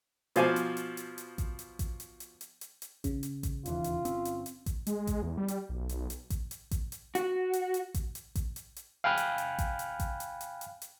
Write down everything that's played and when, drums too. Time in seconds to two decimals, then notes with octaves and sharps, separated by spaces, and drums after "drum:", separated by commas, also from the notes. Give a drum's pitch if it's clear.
0.36 B2 F3 C5 F5 G#5 D6, drum: hi-hat
0.56 drum: hi-hat
0.77 drum: hi-hat
0.97 drum: hi-hat
1.18 drum: hi-hat
1.38 drum: kick A1, hi-hat
1.59 drum: hi-hat
1.79 drum: kick A1, hi-hat
2.00 drum: hi-hat
2.20 drum: hi-hat
2.41 drum: hi-hat
2.61 drum: hi-hat
2.82 drum: hi-hat
3.04 C#3, drum: kick A1, hi-hat
3.23 drum: hi-hat
3.43 drum: kick A1, hi-hat
3.66 E1 D#2 E3 F4, drum: hi-hat
3.84 drum: hi-hat
4.05 G1 C4 C#4, drum: hi-hat
4.25 drum: hi-hat
4.46 drum: hi-hat
4.66 drum: kick A1, hi-hat
4.87 G#3, drum: hi-hat
5.07 drum: kick A1, hi-hat
5.22 E2
5.38 G3
5.48 drum: hi-hat
5.69 B1
5.89 drum: hi-hat
6.10 drum: hi-hat
6.30 drum: kick A1, hi-hat
6.51 drum: hi-hat
6.71 drum: kick A1, hi-hat
6.92 drum: hi-hat
7.15 F#4, drum: hi-hat
7.53 drum: hi-hat
7.74 drum: hi-hat
7.94 drum: kick A1, hi-hat
8.15 drum: hi-hat
8.35 drum: kick A1, hi-hat
8.56 drum: hi-hat
8.76 drum: hi-hat
9.04 F5 G5 G#5 B5 F6 F#6
9.18 drum: hi-hat
9.38 drum: hi-hat
9.59 drum: kick A1, hi-hat
9.79 drum: hi-hat
10.00 drum: kick A1, hi-hat
10.20 drum: hi-hat
10.41 drum: hi-hat
10.61 drum: hi-hat
10.82 drum: hi-hat